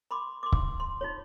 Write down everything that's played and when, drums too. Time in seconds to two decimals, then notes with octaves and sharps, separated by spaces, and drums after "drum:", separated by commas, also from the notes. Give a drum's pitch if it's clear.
0.11 B5 C6 D6
0.43 C6 D6
0.52 drum: kick C#1
0.80 C6
1.01 D#4 F4 C#5